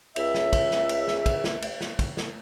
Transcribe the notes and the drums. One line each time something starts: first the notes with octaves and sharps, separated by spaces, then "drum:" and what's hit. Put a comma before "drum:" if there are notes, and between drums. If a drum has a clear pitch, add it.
C#2 E5, drum: cymbal
drum: snare
drum: kick, cymbal
drum: snare
drum: cymbal
drum: snare
drum: kick, cymbal
drum: snare
drum: cymbal
drum: snare
drum: kick, cymbal
drum: snare